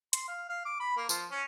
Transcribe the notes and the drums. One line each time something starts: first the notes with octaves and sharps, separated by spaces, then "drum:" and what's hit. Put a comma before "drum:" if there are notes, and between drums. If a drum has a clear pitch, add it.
C6, drum: hi-hat
F5
F5
D6
B5
A#3
F3, drum: tambourine
C#4